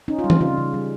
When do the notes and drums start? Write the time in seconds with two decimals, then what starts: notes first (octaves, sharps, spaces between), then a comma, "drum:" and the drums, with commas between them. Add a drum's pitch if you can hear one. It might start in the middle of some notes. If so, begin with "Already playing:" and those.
0.08 C#4 D#4
0.19 F4
0.24 G3
0.30 D#4, drum: tom E3
0.40 C#3 F4
0.57 C#3
0.74 G3